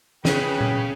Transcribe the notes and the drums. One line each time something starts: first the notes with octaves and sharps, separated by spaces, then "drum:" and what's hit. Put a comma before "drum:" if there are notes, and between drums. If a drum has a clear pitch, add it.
C#3 C#4 G#4 B4 G5, drum: snare
drum: tom A#2